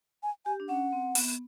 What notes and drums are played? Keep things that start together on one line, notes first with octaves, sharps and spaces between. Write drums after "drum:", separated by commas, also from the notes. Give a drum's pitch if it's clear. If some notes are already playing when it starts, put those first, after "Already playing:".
G#5
G4 G#5
D4
C#4 F#5
C4
B3, drum: open hi-hat